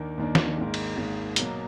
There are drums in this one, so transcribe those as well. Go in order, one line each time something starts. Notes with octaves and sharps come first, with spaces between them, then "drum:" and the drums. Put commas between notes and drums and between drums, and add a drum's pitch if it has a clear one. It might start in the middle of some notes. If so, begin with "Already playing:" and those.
Already playing: D#2 D#3 A#3 D4
D#2 D#3 A#3 D4
drum: snare
G#1 G#2 D#3 A#3
drum: cymbal
G#1 G#2 D#3 A#3
B2 F#3 A#3, drum: hi-hat